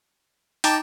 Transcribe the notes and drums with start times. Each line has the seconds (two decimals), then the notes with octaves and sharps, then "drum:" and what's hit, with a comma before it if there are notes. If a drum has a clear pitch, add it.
0.64 D#4 G5 A5 A#5 D6, drum: hi-hat